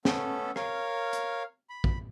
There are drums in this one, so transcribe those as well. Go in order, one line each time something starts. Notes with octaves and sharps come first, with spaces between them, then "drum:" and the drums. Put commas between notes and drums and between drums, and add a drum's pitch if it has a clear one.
A3 B3 C#4 A4, drum: snare
A#4 C#5 F5, drum: rim click
drum: hi-hat
B5
drum: kick